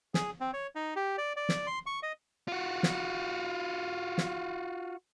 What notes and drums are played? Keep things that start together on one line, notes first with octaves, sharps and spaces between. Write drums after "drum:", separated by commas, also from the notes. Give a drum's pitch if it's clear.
G#4, drum: snare
C4
C#5
D#4
G4
D5
D5
drum: snare
C6
C#6
D#5
F4 F#4
drum: snare
drum: snare